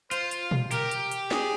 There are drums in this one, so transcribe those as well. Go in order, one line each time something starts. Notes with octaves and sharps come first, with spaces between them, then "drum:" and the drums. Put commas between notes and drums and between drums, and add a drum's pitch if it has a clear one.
F4 C5, drum: hi-hat
drum: hi-hat
drum: tom A#2
G4 A#4, drum: hi-hat
drum: hi-hat
drum: hi-hat
G#4, drum: snare